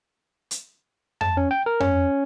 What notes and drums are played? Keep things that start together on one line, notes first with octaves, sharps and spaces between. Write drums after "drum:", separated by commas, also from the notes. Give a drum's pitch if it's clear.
drum: hi-hat
A5, drum: tom F2
C#4
G5
A#4
C#4, drum: tom F2